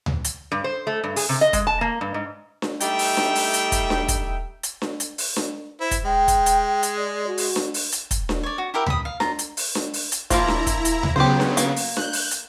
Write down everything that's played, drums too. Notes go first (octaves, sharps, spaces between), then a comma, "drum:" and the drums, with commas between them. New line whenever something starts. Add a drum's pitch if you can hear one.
drum: tom D2
drum: hi-hat
G2
C5
A3
G2
G#4, drum: open hi-hat
C3
D#5
G#3, drum: kick, hi-hat
A5
A#3
G2
G#2
drum: snare D4
G3 A3 D#4 E5 G5, drum: hi-hat
drum: open hi-hat
drum: snare D4
drum: open hi-hat
drum: hi-hat
drum: kick, hi-hat
drum: snare D4
drum: kick, hi-hat
drum: hi-hat
drum: snare D4
drum: hi-hat
drum: open hi-hat
drum: snare D4
E4 C5
drum: kick, hi-hat
G#3 G5
drum: kick, hi-hat
drum: hi-hat
drum: hi-hat
D5
F#4
drum: open hi-hat
drum: snare D4
drum: open hi-hat
drum: hi-hat
drum: kick, hi-hat
drum: snare D4
C#5 D5
F#4
E4 G4 A#4 E5
B5 D#6, drum: tom D2
F5
F4 A#5, drum: snare D4
drum: hi-hat
drum: open hi-hat
drum: snare D4
drum: open hi-hat
drum: hi-hat
F3 A#3 E4 F4 A#5, drum: kick, hi-hat
drum: snare D4
drum: kick, hi-hat
drum: hi-hat
drum: tom D2
C#3 F#3 B3 G4 C5
drum: snare D4
A#3, drum: hi-hat
drum: open hi-hat
F#6 G6, drum: snare D4
drum: open hi-hat
drum: hi-hat